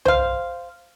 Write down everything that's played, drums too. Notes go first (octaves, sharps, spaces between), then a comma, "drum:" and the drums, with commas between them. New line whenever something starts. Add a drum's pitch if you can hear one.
C5 F5, drum: tom